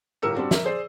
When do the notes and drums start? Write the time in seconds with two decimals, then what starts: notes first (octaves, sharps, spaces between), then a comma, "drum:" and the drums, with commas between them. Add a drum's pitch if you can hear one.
0.22 G1 A2 G4 A#4 E6 C#7
0.35 G3 C4 D4 F#4
0.51 A#4 E5, drum: snare
0.64 G#4 C5 D5